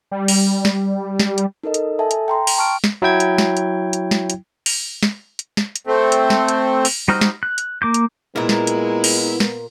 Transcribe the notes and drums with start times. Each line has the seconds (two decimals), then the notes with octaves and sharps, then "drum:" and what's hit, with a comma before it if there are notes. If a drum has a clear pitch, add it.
0.12 G3
0.28 drum: open hi-hat
0.65 drum: snare
1.20 drum: snare
1.38 drum: hi-hat
1.63 D#4 A4 A#4 D#5
1.74 drum: hi-hat
1.99 A4 E5 G#5 A5
2.11 drum: hi-hat
2.28 G5 A#5 C6
2.47 drum: open hi-hat
2.57 G5 A5 C#6 F6 D7
2.84 drum: snare
3.02 F#3 E4 G5 G#6
3.20 drum: hi-hat
3.38 drum: snare
3.57 drum: hi-hat
3.93 drum: hi-hat
4.11 drum: snare
4.30 drum: hi-hat
4.66 drum: open hi-hat
5.03 drum: snare
5.39 drum: hi-hat
5.57 drum: snare
5.76 drum: hi-hat
5.87 A3 C4
6.12 drum: hi-hat
6.30 drum: snare
6.48 drum: hi-hat
6.85 drum: open hi-hat
7.08 G3 D#4 F#4 C5 F6
7.21 drum: snare
7.43 F#6
7.58 drum: hi-hat
7.82 A#3 D6 G6
7.94 drum: hi-hat
8.36 A#2 G#3 B3 E4 A#4
8.49 drum: snare
8.67 drum: hi-hat
9.04 drum: open hi-hat
9.40 drum: snare